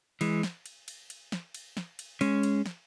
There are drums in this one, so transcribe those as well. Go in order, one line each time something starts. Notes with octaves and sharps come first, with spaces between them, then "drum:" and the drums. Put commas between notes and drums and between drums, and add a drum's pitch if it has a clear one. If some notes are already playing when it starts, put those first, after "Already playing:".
E3 G#3, drum: cymbal
drum: snare
drum: cymbal
drum: cymbal
drum: cymbal
drum: snare
drum: cymbal
drum: snare
drum: cymbal
G#3 C#4, drum: cymbal
drum: cymbal
drum: snare